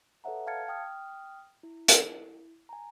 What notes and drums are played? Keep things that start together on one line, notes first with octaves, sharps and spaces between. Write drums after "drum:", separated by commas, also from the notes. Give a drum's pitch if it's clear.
A4 B4 C#5 E5 F#5 A#5
F5 A5 F6 G#6 A6 C#7
G5 D#6 F6
E4
drum: hi-hat
G#5 A#5